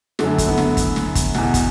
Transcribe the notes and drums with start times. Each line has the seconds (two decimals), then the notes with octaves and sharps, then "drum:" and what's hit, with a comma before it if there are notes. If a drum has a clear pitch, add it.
0.19 F#2 D3 A3, drum: snare
0.38 drum: kick, hi-hat
0.48 B3
0.58 drum: snare
0.77 drum: kick, hi-hat
0.96 drum: snare
1.15 drum: kick, hi-hat
1.35 E2 B2, drum: snare
1.54 drum: kick, hi-hat